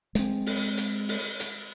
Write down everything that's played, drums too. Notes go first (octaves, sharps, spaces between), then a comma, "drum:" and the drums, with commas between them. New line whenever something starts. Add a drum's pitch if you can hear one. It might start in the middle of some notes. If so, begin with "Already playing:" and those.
G#3 C4, drum: hi-hat
drum: open hi-hat
drum: hi-hat
drum: open hi-hat
drum: hi-hat